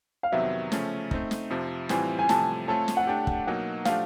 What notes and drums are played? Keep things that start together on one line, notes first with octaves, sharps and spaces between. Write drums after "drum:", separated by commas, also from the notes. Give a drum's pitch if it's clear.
F5
F2 C3 D#3 F#3 B3 E5
C#3 F3 A3 C#4, drum: snare
A3 C4 D#4, drum: kick
drum: snare
F2 C3 F3
A2 E3 G3 C4 F4 G#5, drum: snare
G#5
C3 F3 A3 A5, drum: snare
A3 C4 F4 A4 C#5 A5
drum: snare
F#5
A3 D4 G4 G5
drum: kick
B2 F#3 A#3 D#4 F#5
F3 A3 D4 G4 F5, drum: snare